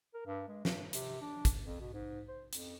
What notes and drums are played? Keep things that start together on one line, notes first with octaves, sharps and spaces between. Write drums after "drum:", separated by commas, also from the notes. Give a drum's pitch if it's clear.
A#4
G2
G#3
G2, drum: snare
C3, drum: hi-hat
D4
drum: kick, hi-hat
F2
B2
G#2
C5
F2, drum: hi-hat